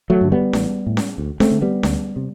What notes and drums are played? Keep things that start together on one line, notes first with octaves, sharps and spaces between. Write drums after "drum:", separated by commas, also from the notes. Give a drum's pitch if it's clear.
F#3 A3
G2 D3
G3 B3
A1, drum: snare C#4
A2
drum: snare C#4
D2
A3 C4, drum: snare C#4
D3
G3 B3
D2, drum: snare C#4
C3